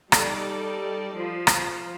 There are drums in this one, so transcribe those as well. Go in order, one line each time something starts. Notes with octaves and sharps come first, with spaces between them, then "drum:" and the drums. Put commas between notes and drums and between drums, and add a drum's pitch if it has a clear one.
G3 D#4 A4 D5, drum: rim click
F3
drum: rim click